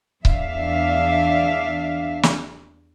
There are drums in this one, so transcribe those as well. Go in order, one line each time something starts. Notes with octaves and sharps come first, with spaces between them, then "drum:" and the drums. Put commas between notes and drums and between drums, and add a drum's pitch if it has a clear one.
E2 D4 E5 F5, drum: kick C#1
drum: snare